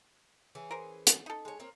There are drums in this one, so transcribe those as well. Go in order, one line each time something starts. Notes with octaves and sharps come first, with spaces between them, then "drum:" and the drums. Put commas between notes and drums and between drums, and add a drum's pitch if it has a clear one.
E3 C#4 G#4
A#4 C5
drum: hi-hat
D#4 A4
G#3 C#5
A#3 C4 C#5